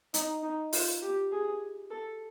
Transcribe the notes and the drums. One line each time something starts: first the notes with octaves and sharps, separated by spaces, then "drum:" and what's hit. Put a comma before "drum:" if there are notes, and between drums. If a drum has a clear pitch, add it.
D#4, drum: hi-hat
D#4
F4, drum: open hi-hat
G4
G#4
A4